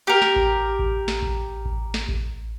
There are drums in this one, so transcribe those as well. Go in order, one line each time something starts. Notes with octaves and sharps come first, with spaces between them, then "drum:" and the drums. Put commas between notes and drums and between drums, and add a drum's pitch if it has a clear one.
G4 A#4
drum: snare
drum: kick A1
drum: kick A1
drum: snare
drum: kick A1
drum: kick A1
drum: snare
drum: kick A1